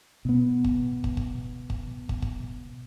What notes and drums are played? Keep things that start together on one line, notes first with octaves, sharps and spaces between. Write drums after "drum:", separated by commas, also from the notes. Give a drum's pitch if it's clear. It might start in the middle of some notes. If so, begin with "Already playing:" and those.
B2 B3
drum: kick
drum: kick
drum: kick
drum: kick
drum: kick
drum: kick